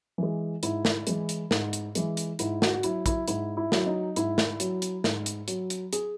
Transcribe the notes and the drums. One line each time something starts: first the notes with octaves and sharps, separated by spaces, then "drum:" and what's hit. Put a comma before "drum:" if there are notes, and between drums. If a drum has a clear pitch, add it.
E3 G#3
G#2 E4, drum: hi-hat
drum: snare
E3 G#3, drum: hi-hat
drum: hi-hat
G#2, drum: snare
drum: hi-hat
E3 G#3, drum: hi-hat
drum: hi-hat
G#2 E4, drum: hi-hat
F#4, drum: snare
F#4
F#3 E4, drum: hi-hat
E4, drum: kick A#1, hi-hat
G#2 E4, drum: hi-hat
E4
F#3, drum: snare
D#4
G#2 E4, drum: hi-hat
drum: snare
F#3, drum: hi-hat
drum: hi-hat
G#2, drum: snare
drum: hi-hat
F#3, drum: hi-hat
drum: hi-hat
G#4, drum: hi-hat